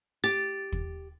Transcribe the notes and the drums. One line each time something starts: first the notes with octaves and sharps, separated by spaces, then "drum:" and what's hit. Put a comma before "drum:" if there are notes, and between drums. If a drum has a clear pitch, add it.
G4 A6
drum: kick